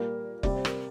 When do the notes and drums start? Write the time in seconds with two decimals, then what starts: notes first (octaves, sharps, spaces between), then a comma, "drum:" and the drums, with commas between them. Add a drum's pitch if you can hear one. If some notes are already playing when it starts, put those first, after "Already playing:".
Already playing: A#2 G3 A#3 A#4
0.43 C3 G3 C4 D5, drum: kick F1
0.55 C5
0.65 A#4, drum: rim click